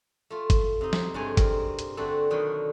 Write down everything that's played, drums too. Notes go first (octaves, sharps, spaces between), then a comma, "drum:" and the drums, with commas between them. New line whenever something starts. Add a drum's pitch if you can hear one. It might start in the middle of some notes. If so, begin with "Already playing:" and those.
A3 F4
drum: kick, hi-hat
C3 D#4
drum: snare
G2 C3 G#3 A3 C#5 G#5
C4 A#4, drum: kick, hi-hat
drum: hi-hat
D3 A3 C4 F#4 A4
B2 D3 D#3 F#3 F#4